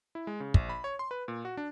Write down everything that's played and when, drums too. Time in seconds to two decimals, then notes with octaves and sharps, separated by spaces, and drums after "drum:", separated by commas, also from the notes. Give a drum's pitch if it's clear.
0.15 E4
0.27 G#3
0.40 C#3
0.54 A#1, drum: kick
0.69 B5
0.84 C#5
0.99 C6
1.11 B4
1.28 A#2
1.45 F#4
1.57 D4